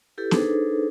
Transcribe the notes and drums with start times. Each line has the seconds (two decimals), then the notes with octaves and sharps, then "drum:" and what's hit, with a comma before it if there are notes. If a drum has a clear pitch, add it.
0.18 E4 G4 A4 B4
0.31 D4 D#4 G#4 A4 B4 C5, drum: snare B3